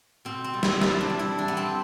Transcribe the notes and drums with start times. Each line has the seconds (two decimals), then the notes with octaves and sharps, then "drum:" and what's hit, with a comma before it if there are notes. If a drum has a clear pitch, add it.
0.25 B2 C4
0.44 C4
0.54 G3
0.63 E4, drum: snare
0.81 G3 E4, drum: snare
1.01 D4
1.10 G3
1.19 E4
1.38 E2 D4
1.48 B3
1.57 C4